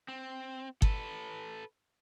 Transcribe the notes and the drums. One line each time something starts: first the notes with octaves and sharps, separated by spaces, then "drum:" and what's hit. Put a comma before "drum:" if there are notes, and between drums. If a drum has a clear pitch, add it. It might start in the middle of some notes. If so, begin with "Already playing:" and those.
C4
A4 B4, drum: kick G1